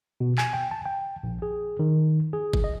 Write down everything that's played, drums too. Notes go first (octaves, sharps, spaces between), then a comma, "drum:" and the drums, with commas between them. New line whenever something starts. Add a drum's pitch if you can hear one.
B2
G#5, drum: clap
G5
A5
G5
A#1
G#4
D#3
G#4
drum: kick G1
D#5